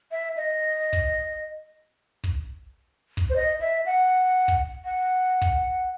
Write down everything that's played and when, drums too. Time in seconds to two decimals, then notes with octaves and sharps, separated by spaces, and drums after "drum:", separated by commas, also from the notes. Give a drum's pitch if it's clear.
0.12 E5
0.37 D#5
0.93 drum: kick
2.24 drum: kick
3.17 drum: kick
3.30 C5
3.36 D#5
3.61 E5
3.86 F#5
4.48 drum: kick
4.85 F#5
5.42 drum: kick